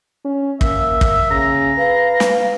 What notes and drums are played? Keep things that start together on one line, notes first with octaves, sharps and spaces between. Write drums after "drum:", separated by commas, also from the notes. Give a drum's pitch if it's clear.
C#4
A#3 E5, drum: kick
drum: kick
C#3 A#5
B4 F5
drum: snare